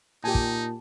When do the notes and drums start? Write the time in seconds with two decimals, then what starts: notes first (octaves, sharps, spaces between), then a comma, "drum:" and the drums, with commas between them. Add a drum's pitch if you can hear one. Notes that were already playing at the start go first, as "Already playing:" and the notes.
0.24 A#2 D#4 G4 G#5 A5
0.35 drum: kick